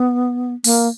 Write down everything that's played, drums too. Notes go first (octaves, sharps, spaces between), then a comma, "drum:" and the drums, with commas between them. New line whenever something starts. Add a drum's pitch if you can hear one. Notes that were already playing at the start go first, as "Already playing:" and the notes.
Already playing: B3
A#3, drum: open hi-hat